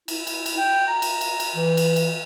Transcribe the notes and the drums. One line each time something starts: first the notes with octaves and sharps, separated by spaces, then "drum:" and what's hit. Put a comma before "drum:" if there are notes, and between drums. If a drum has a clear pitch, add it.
E4, drum: cymbal
drum: cymbal
drum: cymbal
G5
A#5
drum: cymbal
drum: cymbal
drum: cymbal
E3
drum: cymbal
drum: cymbal